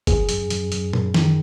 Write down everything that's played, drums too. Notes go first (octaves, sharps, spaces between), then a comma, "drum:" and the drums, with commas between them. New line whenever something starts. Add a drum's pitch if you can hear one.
F#2 G#4, drum: kick, hi-hat
F#2, drum: hi-hat
F#2, drum: hi-hat
F#2, drum: hi-hat
F#2, drum: tom
D#3, drum: snare